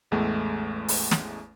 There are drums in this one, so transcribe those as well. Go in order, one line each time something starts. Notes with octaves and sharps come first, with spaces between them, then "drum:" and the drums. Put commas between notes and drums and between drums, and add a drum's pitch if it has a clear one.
A1 E2 G#3 A3
drum: open hi-hat
drum: snare